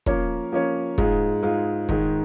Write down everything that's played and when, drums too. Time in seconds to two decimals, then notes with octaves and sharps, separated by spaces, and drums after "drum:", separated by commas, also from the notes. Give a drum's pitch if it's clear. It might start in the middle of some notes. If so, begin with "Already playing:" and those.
0.06 F3 A#3 C#4 A#4 C#5, drum: kick
0.52 F3 A#3 C#4 A#4 C#5
0.98 G#2 G#3 F4 G#4, drum: kick
1.43 G#2 G#3 F4 G#4
1.89 G#2 D#3 G#3, drum: kick